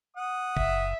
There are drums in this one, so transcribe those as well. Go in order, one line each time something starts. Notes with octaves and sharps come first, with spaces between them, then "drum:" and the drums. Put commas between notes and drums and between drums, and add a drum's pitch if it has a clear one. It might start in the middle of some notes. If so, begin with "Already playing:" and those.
F#5 D#6
F#1 E5, drum: kick G1